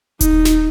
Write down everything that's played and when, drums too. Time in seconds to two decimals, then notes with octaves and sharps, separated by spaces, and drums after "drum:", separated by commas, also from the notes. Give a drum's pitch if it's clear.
0.21 D#4, drum: kick D#1, hi-hat
0.45 drum: snare